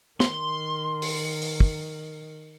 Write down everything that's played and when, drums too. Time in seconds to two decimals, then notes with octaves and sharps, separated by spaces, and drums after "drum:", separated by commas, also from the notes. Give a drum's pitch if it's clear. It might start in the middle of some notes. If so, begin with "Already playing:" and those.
0.20 D#3 C6, drum: snare
1.02 drum: open hi-hat
1.42 drum: open hi-hat
1.60 drum: kick